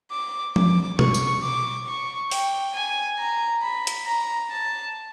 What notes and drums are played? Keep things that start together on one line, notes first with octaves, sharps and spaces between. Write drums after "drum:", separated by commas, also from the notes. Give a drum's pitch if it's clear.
D6
D6, drum: tom F3
C#6, drum: tom B2
drum: tambourine
D6
C#6
G5, drum: open hi-hat
G#5
A#5
B5
drum: hi-hat
A#5
A5